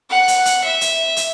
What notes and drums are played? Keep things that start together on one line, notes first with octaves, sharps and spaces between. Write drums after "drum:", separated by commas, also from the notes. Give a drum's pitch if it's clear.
F#5
drum: hi-hat
drum: hi-hat
E5
drum: hi-hat
drum: hi-hat